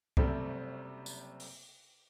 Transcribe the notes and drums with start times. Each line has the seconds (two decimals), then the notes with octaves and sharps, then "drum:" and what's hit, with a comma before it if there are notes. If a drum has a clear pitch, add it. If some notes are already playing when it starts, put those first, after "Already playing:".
0.17 F#1 C3 G3 A3 C4, drum: kick C2
1.06 drum: tambourine
1.40 drum: open hi-hat